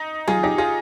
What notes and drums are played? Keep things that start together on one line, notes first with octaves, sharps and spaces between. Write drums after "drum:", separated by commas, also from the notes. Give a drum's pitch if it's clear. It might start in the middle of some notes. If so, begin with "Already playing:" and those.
Already playing: D#4
F4 G#4, drum: tom F#3
D#4 G4
F4 G#4